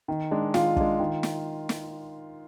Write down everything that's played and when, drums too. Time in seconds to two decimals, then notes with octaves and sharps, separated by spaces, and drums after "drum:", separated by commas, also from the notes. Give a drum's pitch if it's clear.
0.08 D#3
0.31 G#3 D4
0.54 D#3 F4, drum: snare
0.76 G#3 D4, drum: kick
1.00 D#3
1.23 drum: snare
1.69 drum: snare